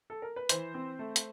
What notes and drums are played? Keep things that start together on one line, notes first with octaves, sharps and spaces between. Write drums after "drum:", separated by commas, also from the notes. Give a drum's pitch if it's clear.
A4
A#4
B4
E3 C5, drum: hi-hat
C4
A3
drum: hi-hat